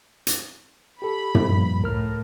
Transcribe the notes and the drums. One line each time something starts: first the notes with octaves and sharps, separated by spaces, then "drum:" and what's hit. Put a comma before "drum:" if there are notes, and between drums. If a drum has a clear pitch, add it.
drum: hi-hat
G4 A4 B5
drum: tom
G2 A#2 F3
C#2 A2 A#4 F6